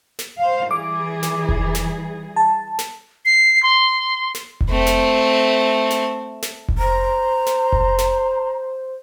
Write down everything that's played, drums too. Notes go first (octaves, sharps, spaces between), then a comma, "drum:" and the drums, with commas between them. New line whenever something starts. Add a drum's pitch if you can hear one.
drum: snare
C5 F5
E3 G3 G#4 D6
drum: snare
drum: kick F1
drum: snare
A5
drum: snare
C7
C6
drum: snare
drum: kick F1
A3 C4
drum: snare
drum: snare
drum: snare
drum: kick F1
C5 A#5
drum: snare
drum: kick F1
drum: snare